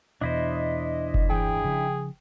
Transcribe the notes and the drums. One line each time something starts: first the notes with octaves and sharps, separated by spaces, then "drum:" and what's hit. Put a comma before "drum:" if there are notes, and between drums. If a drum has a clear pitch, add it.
E2 B2 D4 E4 C5 D#5
drum: kick F#1
D1 G1 E3 G#4 G5
C#3 F3